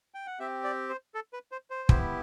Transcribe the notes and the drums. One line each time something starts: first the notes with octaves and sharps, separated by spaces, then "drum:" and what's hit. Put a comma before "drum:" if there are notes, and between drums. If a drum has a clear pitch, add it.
G5
F#5
C4 G4 E5
D5
C5
A4
B4
C5
C5
B3 E4 G4, drum: kick